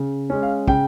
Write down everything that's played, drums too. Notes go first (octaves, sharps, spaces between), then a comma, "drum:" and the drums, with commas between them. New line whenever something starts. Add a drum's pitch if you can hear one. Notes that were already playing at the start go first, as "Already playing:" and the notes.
Already playing: C#3
G#3 C#4
F5
C#3 G5, drum: kick